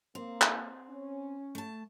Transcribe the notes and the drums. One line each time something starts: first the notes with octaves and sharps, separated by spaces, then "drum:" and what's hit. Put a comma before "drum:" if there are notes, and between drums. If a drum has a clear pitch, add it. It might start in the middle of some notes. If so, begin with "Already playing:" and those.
A#3 C4
drum: clap
C#4
A3 A5